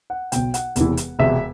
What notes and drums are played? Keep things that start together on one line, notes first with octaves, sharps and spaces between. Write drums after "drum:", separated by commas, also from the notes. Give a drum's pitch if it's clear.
F#5
B1 B2 G5, drum: hi-hat
F#5, drum: hi-hat
E1 E2 C3 E3, drum: hi-hat
drum: hi-hat
E1 E2 C3 E5